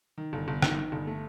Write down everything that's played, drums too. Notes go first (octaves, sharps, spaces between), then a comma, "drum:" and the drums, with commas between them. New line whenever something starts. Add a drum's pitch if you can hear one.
D#3
G1
G1
D#3, drum: rim click
D#3
G1
A3